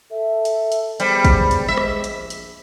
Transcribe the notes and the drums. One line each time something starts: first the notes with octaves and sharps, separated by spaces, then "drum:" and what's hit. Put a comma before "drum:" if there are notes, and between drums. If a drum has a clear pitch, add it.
A4 E5
drum: hi-hat
drum: hi-hat
G3 B3 G#4 C5, drum: hi-hat
drum: kick, hi-hat
drum: hi-hat
G#3 E5
drum: rim click
A#1, drum: hi-hat
drum: hi-hat